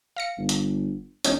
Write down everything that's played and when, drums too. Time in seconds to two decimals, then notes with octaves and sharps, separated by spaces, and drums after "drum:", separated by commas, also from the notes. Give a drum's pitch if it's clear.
0.16 F5 A#6 C#7
0.38 G1
0.49 drum: hi-hat
1.24 E1 C#4 D#4, drum: hi-hat